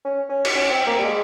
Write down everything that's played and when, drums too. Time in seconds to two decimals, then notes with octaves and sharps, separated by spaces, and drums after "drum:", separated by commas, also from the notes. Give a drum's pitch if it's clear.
0.05 C#4
0.29 C#4
0.45 drum: cymbal
0.55 C#4
0.71 C4
0.87 A#3
0.99 G3
1.04 G#3